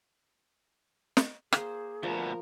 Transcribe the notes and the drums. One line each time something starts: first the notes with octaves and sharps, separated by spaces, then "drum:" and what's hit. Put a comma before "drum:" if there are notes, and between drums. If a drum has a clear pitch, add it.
drum: snare
A#3 G#4 C5, drum: rim click
D2 B2 F3 A#4